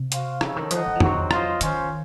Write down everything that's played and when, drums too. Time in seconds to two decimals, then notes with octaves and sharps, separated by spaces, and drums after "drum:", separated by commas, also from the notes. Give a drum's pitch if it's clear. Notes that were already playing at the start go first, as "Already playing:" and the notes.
Already playing: C3
0.12 F#4 C5 F5, drum: hi-hat
0.41 C#3 C4 D#4 A4 C#5, drum: rim click
0.56 D#3
0.71 F3 D#4 A4 D#5 F#5, drum: hi-hat
0.86 F#3
0.95 F3
1.00 F#3 C4 D#4 F#4, drum: tom F2
1.31 F4 C5 D#5, drum: rim click
1.61 D#3 C#4 F4 C5, drum: hi-hat